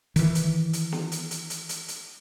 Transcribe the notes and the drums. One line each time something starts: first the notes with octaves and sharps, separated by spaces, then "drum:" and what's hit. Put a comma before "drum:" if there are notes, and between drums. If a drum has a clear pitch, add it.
D#3 E3, drum: hi-hat
drum: hi-hat
drum: hi-hat
drum: snare
drum: hi-hat
drum: hi-hat
drum: hi-hat
drum: hi-hat
drum: hi-hat